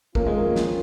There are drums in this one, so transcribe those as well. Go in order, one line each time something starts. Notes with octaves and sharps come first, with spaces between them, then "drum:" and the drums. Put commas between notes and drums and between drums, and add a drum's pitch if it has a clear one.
F2 D#3 A#3 C#4 F4, drum: kick
G#3
A#3
drum: snare